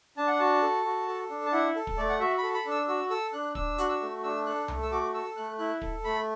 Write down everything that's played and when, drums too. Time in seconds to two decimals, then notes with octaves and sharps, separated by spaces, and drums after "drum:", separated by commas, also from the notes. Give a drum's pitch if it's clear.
0.17 D4 A5
0.27 F#5
0.39 F#4 A5
0.62 A4
0.85 F#4
1.08 A4
1.29 D4
1.46 A5
1.52 E4 F#5
1.75 A4
1.87 drum: kick
1.97 A3 D5
2.09 F#5
2.20 F#4 E5
2.38 B5
2.43 A4
2.54 B5
2.65 D4
2.71 E6
2.88 F#4 E6
3.10 A4 E6
3.33 D4 F#6
3.55 D4 E6, drum: kick
3.78 F#4 F#6, drum: hi-hat
3.89 E6
4.01 A3
4.24 D4 E6
4.46 A4 F#6
4.68 A3, drum: tom C2
4.82 E6
4.91 F#4 D6
5.14 A4 E6
5.36 A3 F#6
5.58 E4 F#6
5.82 A4, drum: kick
6.04 A3 B5